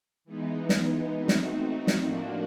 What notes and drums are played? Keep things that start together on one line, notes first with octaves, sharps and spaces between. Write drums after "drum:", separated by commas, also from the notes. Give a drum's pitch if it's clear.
E3 G#3 B3 D#4
drum: snare
A3 C4 D#4 F#4
drum: snare
drum: snare
A2 F3 A#3 D4 F#4